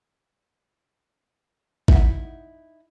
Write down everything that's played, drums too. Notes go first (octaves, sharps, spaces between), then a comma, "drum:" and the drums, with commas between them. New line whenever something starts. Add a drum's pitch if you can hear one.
D#4 E4 F#5, drum: kick A1